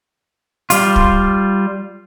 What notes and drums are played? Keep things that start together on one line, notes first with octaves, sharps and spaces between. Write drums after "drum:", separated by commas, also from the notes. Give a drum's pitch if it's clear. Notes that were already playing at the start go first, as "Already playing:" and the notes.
G3 F4, drum: hi-hat
drum: kick